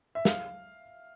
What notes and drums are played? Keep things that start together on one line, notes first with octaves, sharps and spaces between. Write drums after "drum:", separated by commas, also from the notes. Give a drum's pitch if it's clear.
E5
F5, drum: snare